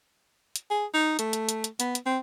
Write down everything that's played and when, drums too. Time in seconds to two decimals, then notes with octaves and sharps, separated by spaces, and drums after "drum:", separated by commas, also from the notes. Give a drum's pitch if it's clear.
0.56 drum: hi-hat
0.70 G#4
0.94 D#4
1.19 A3, drum: hi-hat
1.33 drum: hi-hat
1.49 drum: hi-hat
1.64 drum: hi-hat
1.80 B3, drum: hi-hat
1.95 drum: hi-hat
2.06 C4